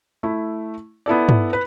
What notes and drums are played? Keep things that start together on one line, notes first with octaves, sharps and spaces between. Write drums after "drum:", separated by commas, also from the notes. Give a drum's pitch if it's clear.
A3 E4
B3 E4 A4 D5
drum: tom
B4